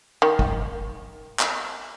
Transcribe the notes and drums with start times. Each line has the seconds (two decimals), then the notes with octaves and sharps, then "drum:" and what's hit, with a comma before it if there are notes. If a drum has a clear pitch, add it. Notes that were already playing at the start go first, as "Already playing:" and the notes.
0.22 D#3
0.39 drum: kick
1.39 drum: clap